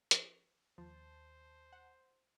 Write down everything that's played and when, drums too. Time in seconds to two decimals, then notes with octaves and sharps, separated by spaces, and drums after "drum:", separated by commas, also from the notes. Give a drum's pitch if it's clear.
0.11 F3, drum: hi-hat
0.78 D#2 F3 C5 A5
1.73 F#5